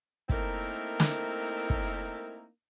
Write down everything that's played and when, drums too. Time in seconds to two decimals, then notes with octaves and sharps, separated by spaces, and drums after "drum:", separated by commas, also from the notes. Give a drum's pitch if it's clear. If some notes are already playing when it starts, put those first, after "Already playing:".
0.29 A3 A#3 C4 D#4 E4 A#4, drum: kick
1.00 drum: snare
1.70 drum: kick